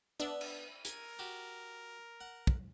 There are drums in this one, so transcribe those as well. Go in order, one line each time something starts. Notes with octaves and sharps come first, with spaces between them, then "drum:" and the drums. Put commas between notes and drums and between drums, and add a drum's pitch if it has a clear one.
B3 D4 E5 F#5
drum: cymbal
A#4 G#5, drum: hi-hat
F#4 G4
F#5
drum: kick